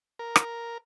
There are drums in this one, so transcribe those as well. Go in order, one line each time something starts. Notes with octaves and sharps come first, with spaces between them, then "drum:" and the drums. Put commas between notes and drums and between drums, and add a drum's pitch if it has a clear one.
A#4
drum: rim click